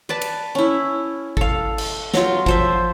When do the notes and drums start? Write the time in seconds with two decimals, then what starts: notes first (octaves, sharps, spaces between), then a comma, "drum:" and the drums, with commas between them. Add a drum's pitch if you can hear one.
0.09 B4 D5 A5
0.22 drum: cymbal
0.55 C#4 E4
1.37 A4 F5, drum: kick G#1
1.78 drum: cymbal
2.14 F#3 F4, drum: snare
2.46 F3 C5 E5, drum: kick G#1